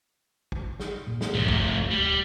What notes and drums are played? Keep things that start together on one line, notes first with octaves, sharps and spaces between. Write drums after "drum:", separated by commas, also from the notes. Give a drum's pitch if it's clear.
drum: kick
drum: snare
A#2
drum: snare
D1 G2 F3 A3
drum: kick
F#1 C2
D1 G3